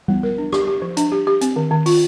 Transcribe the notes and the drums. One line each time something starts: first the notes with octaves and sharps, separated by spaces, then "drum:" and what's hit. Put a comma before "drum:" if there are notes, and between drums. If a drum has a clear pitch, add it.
B3, drum: tom G3
A#4
D4
G4, drum: rim click
G4
F3
D4, drum: hi-hat
G4
G4
C4, drum: hi-hat
D#3
D#3
F4, drum: open hi-hat